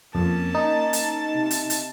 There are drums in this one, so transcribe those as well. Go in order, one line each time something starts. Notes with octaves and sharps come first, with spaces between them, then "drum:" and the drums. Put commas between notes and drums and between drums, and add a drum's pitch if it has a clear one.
F2 A#3 C#4 A5
D#4
drum: hi-hat
C3
drum: hi-hat
drum: hi-hat